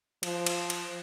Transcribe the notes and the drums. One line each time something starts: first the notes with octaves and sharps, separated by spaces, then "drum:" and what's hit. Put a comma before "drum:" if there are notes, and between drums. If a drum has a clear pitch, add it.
F3, drum: cymbal
drum: cymbal
drum: cymbal